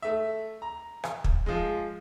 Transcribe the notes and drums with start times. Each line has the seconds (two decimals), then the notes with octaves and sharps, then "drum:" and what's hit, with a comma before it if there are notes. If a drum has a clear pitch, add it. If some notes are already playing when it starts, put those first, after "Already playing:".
0.02 A3 E5
0.62 A#5
1.04 drum: rim click
1.24 drum: kick
1.46 F3 G#3